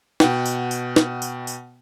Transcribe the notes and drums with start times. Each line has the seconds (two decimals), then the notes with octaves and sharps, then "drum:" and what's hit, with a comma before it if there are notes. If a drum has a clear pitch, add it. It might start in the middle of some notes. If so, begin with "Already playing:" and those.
0.20 B2 F#5 G5, drum: snare
0.46 drum: tambourine
0.71 drum: tambourine
0.96 drum: snare
1.22 drum: tambourine
1.47 drum: tambourine